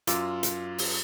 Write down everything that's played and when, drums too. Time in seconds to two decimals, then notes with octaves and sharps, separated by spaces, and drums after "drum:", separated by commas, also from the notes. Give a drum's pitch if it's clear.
0.07 F#2 F4 D6 E6, drum: hi-hat
0.43 drum: hi-hat
0.78 drum: open hi-hat